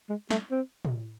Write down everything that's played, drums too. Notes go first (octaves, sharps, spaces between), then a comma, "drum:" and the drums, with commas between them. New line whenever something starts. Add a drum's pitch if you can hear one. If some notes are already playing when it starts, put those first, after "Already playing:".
G#3
A3, drum: snare
C4
drum: tom